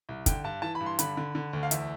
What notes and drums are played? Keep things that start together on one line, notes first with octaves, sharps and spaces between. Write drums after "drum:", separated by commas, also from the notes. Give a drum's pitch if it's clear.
C2
D3 G5, drum: kick, hi-hat
G2 A5
E3 A5
B5
G2
C6
D3 B5, drum: hi-hat
D3
D3
D2
F5
E2 E5, drum: hi-hat